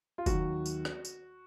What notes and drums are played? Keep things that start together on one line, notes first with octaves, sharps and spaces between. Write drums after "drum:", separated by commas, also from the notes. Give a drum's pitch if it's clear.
F4
D#2 D#3 F#3 F#4, drum: kick, tambourine
drum: tambourine
drum: rim click
drum: tambourine